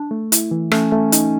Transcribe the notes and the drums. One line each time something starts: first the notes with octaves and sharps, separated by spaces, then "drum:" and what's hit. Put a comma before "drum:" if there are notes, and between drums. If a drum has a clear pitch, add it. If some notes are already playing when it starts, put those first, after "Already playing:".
Already playing: D4
A3
E4, drum: hi-hat
E3
A3 C#4, drum: rim click
A3
D#4, drum: hi-hat